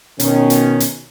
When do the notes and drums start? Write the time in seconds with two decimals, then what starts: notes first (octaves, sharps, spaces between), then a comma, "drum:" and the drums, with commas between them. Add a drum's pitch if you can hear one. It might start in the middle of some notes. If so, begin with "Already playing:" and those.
0.20 B2 D#3 C#4, drum: hi-hat
0.50 drum: hi-hat
0.80 drum: hi-hat